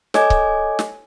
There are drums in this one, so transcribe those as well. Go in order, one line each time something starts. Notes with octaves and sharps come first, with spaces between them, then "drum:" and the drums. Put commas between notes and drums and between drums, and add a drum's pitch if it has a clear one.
A4 C#5 D#5 G#5 D6 G#6, drum: snare
drum: kick C#1
drum: snare